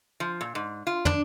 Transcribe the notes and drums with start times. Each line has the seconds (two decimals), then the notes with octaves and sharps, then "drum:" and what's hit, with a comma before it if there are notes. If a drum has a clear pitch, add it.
0.20 F3
0.41 A#2
0.55 G#2
0.87 F4
1.05 D4, drum: tom